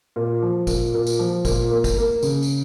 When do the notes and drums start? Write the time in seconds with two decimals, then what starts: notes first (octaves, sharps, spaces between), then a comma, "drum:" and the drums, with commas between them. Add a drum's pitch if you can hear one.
0.16 A#2
0.42 F3
0.67 A#2, drum: kick, tambourine
0.94 A#2
1.07 drum: tambourine
1.19 F3
1.45 A#2, drum: kick, tambourine
1.71 A#3
1.84 drum: kick, tambourine
1.98 A#3
2.23 C#3, drum: tambourine
2.43 drum: tambourine